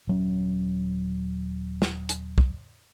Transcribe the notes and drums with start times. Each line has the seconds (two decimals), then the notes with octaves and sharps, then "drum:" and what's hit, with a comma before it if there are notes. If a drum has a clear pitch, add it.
0.07 D#1 F#3 C#4
1.82 drum: snare
2.09 drum: hi-hat
2.38 drum: kick